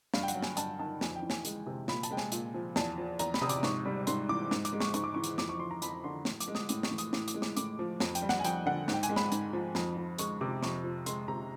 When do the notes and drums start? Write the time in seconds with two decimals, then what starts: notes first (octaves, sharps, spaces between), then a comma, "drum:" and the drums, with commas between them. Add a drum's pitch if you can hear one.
0.14 G2 F5, drum: snare
0.23 G5
0.28 F#5, drum: hi-hat
0.35 F#3
0.42 G#5, drum: snare
0.57 G2 A5, drum: hi-hat
0.79 D#3 A5
1.01 F2 G#5, drum: snare
1.16 G5
1.22 E3
1.30 G#5, drum: snare
1.45 G#3, drum: hi-hat
1.67 C3
1.88 A#2 B5, drum: snare
2.03 A5, drum: hi-hat
2.11 G#3 G5
2.17 G#5, drum: snare
2.32 A#2, drum: hi-hat
2.54 F3
2.76 E2 A5, drum: snare
2.98 F3
3.19 E2 A#5, drum: hi-hat
3.34 B5, drum: snare
3.41 C3 D#6
3.49 D6, drum: hi-hat
3.63 G#2 C#6, drum: snare
3.86 G3
4.07 G#2 C6, drum: hi-hat
4.29 E3 D6
4.51 G#2, drum: snare
4.65 D6, drum: hi-hat
4.73 G#3
4.80 C#6, drum: snare
4.94 G#2 C#6, drum: hi-hat
5.04 D6
5.14 E3 C#6
5.24 drum: hi-hat
5.38 F2 D6, drum: snare
5.49 C#6
5.60 F3 C6
5.71 A#5
5.82 F2 B5, drum: hi-hat
6.04 D3 C6
6.25 A2, drum: snare
6.40 D6, drum: hi-hat
6.48 G#3
6.55 D#6, drum: snare
6.69 A2 D6, drum: hi-hat
6.83 C#6, drum: snare
6.91 E3
6.98 D#6, drum: hi-hat
7.13 A2 D6, drum: snare
7.28 D6, drum: hi-hat
7.35 G#3
7.42 D6, drum: snare
7.57 A2 D6, drum: hi-hat
7.79 F3
8.00 F2, drum: snare
8.15 G5, drum: hi-hat
8.22 G3
8.29 F#5, drum: snare
8.39 G#5
8.45 F2 G5, drum: hi-hat
8.66 D3 F#5
8.88 G#2, drum: snare
8.93 G5
9.03 G#5, drum: hi-hat
9.10 G#3
9.16 B5, drum: snare
9.32 G#2, drum: hi-hat
9.53 F3
9.75 F2, drum: snare
9.97 F3
10.18 G#3 C#6, drum: hi-hat
10.41 C3 D6
10.63 F2 C#6, drum: snare
10.84 F3
11.06 G#3 C6, drum: hi-hat
11.28 C3 A#5